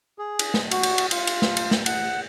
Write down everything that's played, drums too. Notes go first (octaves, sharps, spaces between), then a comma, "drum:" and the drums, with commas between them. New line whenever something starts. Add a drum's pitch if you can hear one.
G#4
drum: cymbal
drum: snare
F#4, drum: cymbal
drum: cymbal
drum: cymbal
F4, drum: cymbal
drum: cymbal
drum: snare
drum: cymbal
drum: snare
F#5, drum: cymbal